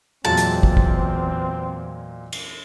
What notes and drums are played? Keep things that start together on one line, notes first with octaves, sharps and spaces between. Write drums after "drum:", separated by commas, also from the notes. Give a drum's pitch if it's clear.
E2 A#2 F#3 G#3 C4 A5
drum: hi-hat
drum: kick
drum: kick
drum: cymbal